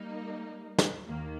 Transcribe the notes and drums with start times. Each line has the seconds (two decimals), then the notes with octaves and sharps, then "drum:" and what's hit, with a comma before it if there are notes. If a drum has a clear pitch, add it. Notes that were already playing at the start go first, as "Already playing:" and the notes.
Already playing: G3 A#3 D#4
0.78 drum: snare
1.07 D#2 D#3 A#3